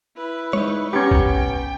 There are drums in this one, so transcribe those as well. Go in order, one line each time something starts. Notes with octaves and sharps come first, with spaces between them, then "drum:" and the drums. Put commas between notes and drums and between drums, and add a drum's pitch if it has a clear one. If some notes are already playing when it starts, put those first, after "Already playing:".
E4 B4
G#3 D#4 C#5
B3 C#4 G4 A#5 C#6 G6
drum: kick
C2 G5